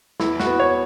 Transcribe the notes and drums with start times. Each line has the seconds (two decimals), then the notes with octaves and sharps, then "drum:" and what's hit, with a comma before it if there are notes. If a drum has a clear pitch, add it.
0.20 E2 E4, drum: snare
0.40 F#4, drum: snare
0.46 B3
0.60 C#5